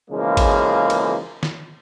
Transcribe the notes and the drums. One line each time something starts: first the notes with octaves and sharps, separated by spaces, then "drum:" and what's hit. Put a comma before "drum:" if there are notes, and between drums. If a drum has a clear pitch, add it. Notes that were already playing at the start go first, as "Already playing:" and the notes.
B1 C#3 E3 F3 G#3 A#3
drum: kick A1, cymbal
drum: cymbal
drum: snare